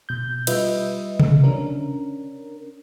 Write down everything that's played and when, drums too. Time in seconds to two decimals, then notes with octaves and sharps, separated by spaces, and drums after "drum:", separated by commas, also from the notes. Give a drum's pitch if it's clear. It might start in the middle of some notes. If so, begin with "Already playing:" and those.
0.09 B2 G6
0.47 G3 F4 B4 D#5 E5, drum: cymbal
1.20 drum: tom C3
1.44 C#4 D4 A#4